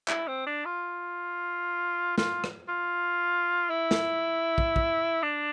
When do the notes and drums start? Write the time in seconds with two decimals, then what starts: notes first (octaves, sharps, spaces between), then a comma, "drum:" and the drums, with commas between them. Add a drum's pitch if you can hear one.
0.08 E4, drum: clap
0.28 C4
0.46 D4
0.65 F4
2.18 F4, drum: snare
2.44 drum: rim click
2.69 F4
3.70 E4
3.91 drum: snare
4.58 drum: kick
4.76 drum: kick
5.22 D4